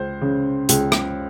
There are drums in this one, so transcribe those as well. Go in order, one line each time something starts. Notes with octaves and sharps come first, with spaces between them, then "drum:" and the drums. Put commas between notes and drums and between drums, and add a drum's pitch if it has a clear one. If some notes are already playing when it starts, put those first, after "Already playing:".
Already playing: C#2 C5
C#3
C#2, drum: hi-hat
drum: rim click